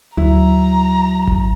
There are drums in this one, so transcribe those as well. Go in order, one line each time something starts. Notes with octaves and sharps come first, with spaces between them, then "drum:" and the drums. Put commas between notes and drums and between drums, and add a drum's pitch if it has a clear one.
D2 F#3 E4 A#5
drum: kick G#1